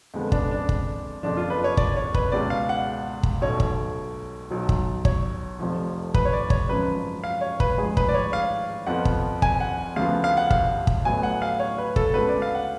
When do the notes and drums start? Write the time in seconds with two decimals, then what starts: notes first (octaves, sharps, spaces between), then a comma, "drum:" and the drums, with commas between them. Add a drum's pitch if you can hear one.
0.14 F2 D3 G#3 B3
0.32 D4, drum: kick
0.51 D4
0.69 drum: kick
1.23 F#1 F2 F3 D4
1.37 F4
1.50 B4
1.64 C#5
1.77 D5, drum: kick
1.97 C#5
2.14 B4, drum: kick
2.32 C#2 B2 G#3 B3 D5
2.50 F5
2.69 F#5
3.23 drum: kick
3.41 B1 B2 A3 C#5
3.60 drum: kick
4.50 B1 B2 F#3
4.69 drum: kick
5.05 C#5, drum: kick
5.59 F1 F2 F3
6.14 B4, drum: kick
6.25 C#5
6.33 D5
6.50 C#5, drum: kick
6.69 G#1 F#2 C#3 F3 B4
7.24 F5
7.41 C#5
7.60 B4, drum: kick
7.77 A1 G#2 F3 G#4
7.97 B4, drum: kick
8.09 D5
8.14 C#5
8.33 F5
8.87 F2 F3 B3 F#5
9.05 drum: kick
9.42 G#5, drum: kick
9.60 F#5
9.96 D2 C#3 F3 B3 F5
10.24 F5
10.37 F#5
10.51 F5, drum: kick
10.87 drum: kick
11.05 A1 A2 F#3 B3 G#5
11.23 F#5
11.42 F5
11.60 C#5
11.78 B4
11.96 A4, drum: kick
12.14 D2 C#3 G#3 B3 B4
12.29 D5
12.42 F5
12.55 F#5